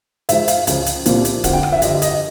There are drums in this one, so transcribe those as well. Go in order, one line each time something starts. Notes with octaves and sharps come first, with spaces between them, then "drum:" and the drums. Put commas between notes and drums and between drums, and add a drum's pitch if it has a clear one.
G#2 F3 E5, drum: hi-hat
F5, drum: hi-hat
C#2 C#3 F3, drum: hi-hat
drum: hi-hat
C2 A#2 F3, drum: hi-hat
drum: hi-hat
F2 D3 F3 F#5, drum: kick D1, hi-hat
G5
F#5, drum: rim click
E5
G2 D3 F3 D#5, drum: hi-hat
D#5, drum: hi-hat